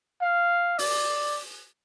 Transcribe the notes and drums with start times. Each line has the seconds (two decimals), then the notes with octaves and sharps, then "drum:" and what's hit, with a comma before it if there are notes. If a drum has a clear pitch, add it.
0.22 F5
0.79 D5, drum: open hi-hat